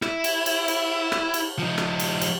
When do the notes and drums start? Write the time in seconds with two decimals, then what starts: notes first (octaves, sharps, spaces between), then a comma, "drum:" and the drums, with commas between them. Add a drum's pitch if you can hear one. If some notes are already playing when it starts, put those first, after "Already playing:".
0.02 E4, drum: rim click
0.24 drum: cymbal
0.46 drum: cymbal
0.68 drum: cymbal
1.12 drum: rim click
1.34 drum: cymbal
1.59 F3 D#4
1.78 drum: rim click
2.00 drum: cymbal
2.21 drum: cymbal